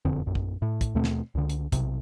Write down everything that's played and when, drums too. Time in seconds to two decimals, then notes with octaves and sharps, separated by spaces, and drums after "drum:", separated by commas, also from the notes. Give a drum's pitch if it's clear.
0.05 E1 F2 D3 C4
0.26 A#1 F#2
0.35 drum: kick
0.62 A2
0.81 drum: kick, hi-hat
0.95 D#2 B2 A3 C4
1.04 drum: snare
1.35 C#2 D3
1.50 drum: hi-hat
1.72 B1 C3, drum: kick, hi-hat